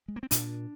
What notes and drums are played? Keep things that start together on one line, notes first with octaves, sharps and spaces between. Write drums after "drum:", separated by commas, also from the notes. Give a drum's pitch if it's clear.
G#3
A#3
C4
A#2 D4, drum: hi-hat